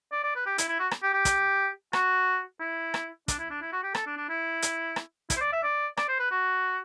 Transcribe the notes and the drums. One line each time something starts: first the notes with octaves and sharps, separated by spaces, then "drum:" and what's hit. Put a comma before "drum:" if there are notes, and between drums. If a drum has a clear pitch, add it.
D5
D5
B4
G4
E4, drum: hi-hat
E4
F#4
drum: rim click
G4
G4
drum: kick, hi-hat
F#4, drum: rim click
E4
drum: rim click
D4, drum: kick, hi-hat
E4
D4
E4
F#4
G4
A4, drum: rim click
D4
D4
E4
drum: hi-hat
drum: rim click
E4, drum: kick, hi-hat
C5
D5
E5
D5
D5, drum: rim click
C5
B4
F#4